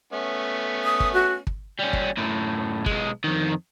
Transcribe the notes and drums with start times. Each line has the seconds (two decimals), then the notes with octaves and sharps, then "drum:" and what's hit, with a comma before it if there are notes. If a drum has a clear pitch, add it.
0.13 A3 B3 C#4
0.84 D#6
1.00 drum: kick
1.13 F#4
1.47 drum: kick
1.80 G3 C#4
1.93 drum: kick
2.18 F#2 A2
2.86 B1 G#3, drum: kick
3.24 F2 D#3